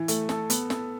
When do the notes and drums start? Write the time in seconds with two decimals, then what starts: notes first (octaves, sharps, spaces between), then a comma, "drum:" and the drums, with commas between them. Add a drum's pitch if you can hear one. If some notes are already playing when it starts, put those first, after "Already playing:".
Already playing: E3
0.08 A3, drum: hi-hat
0.29 A4, drum: snare
0.50 B3, drum: hi-hat
0.70 A4, drum: snare